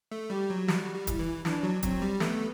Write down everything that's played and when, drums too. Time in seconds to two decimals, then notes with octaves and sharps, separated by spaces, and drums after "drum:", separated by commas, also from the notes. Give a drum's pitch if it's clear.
0.11 A3
0.30 G3 G4
0.50 F#3
0.68 G3 F#4, drum: snare
0.94 G3
1.07 E4, drum: kick, hi-hat
1.19 E3
1.45 E3 D4, drum: snare
1.63 F#3
1.83 F#3 C4, drum: kick, hi-hat
2.02 G3
2.20 A3 B3, drum: snare